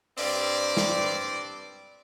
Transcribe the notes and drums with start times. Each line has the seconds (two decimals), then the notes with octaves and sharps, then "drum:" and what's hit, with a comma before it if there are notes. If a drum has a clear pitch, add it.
0.18 G2 G3 C4 D5, drum: open hi-hat
0.77 drum: snare